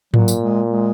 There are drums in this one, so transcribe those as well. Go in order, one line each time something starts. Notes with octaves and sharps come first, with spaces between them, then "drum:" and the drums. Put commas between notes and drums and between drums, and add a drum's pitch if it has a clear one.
A#2 F#3, drum: tom G#2
drum: tambourine
G#3
G#3